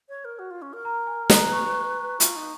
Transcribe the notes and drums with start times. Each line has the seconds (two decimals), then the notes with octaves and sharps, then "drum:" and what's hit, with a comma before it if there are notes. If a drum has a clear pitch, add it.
0.09 C#5
0.25 A#4
0.39 F#4
0.51 F4
0.62 C#4
0.73 A#4
0.85 A#5
1.07 G#5
1.30 B4 A#5, drum: snare
1.52 C#6
2.20 F4, drum: hi-hat
2.36 D#4